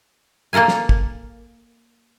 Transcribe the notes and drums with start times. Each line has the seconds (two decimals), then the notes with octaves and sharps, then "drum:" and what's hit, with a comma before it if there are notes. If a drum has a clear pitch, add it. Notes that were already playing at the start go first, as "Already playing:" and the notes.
0.53 A#3 A4 A#4 F5 G#5
0.68 drum: snare
0.89 drum: kick